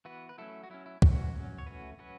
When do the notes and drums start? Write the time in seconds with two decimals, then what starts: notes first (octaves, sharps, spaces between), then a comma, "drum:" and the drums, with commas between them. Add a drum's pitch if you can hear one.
0.05 E3 B3 F#4 B4
0.29 B4
0.38 F#3 A3 C#4 E4 A4
0.64 F#4
0.70 F#3 C#4 E4
0.86 E4
1.02 E3 C#4 F#4, drum: kick
1.35 F#3 C#4
1.58 C#5
1.67 E3 A3 C#4 F#4 B4
1.99 F#3 C#4 F#4 B4